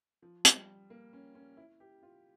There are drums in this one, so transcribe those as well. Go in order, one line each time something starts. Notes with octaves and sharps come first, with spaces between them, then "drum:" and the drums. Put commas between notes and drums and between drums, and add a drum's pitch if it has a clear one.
F3
drum: hi-hat
G3
A#3
C#4
C#4
E4
G4
F4